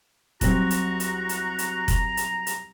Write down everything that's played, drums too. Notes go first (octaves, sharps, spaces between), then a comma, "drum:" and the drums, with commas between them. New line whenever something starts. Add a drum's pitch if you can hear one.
C2 F#3 C4 F#4 A#5, drum: kick F1, hi-hat
drum: hi-hat
drum: hi-hat
drum: hi-hat
drum: hi-hat
drum: kick F1, hi-hat
drum: hi-hat
drum: hi-hat